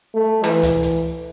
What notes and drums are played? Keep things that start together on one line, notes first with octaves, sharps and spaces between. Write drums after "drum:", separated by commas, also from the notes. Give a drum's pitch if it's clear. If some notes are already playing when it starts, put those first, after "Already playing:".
A3
E3, drum: clap
drum: kick C#2, hi-hat
drum: hi-hat